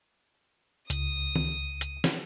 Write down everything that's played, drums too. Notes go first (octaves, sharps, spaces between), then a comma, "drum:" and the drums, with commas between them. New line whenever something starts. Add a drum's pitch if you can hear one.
C#2 D#6, drum: hi-hat
drum: tom D#3
drum: hi-hat
drum: snare